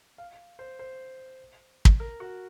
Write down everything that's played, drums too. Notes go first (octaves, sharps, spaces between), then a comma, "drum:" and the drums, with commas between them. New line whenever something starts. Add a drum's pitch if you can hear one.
F5
C5
C5
drum: kick
A#4
F#4